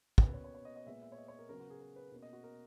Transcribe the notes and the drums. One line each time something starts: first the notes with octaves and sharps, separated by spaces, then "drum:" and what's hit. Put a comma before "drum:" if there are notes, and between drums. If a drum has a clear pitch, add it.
C#5, drum: kick
B2 A#3 C#4 B4
C#5
C#5
C#5
D#5
D#5
A#2 G#3 B3 E5
E5
C#5
D#5
C#5
A#4
C#3 F#3 B3 A#4
F#4
G#4
A#4
B4
B2 A#3 C#4
D#5
F#4
A#4